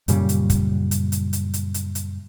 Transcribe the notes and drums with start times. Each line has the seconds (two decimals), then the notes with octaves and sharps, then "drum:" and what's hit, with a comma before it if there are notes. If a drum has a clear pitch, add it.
0.08 F#2 A#2 C#3 G3, drum: hi-hat
0.29 drum: hi-hat
0.50 drum: kick, hi-hat
0.91 drum: hi-hat
1.12 drum: hi-hat
1.33 drum: hi-hat
1.54 drum: hi-hat
1.74 drum: hi-hat
1.95 drum: hi-hat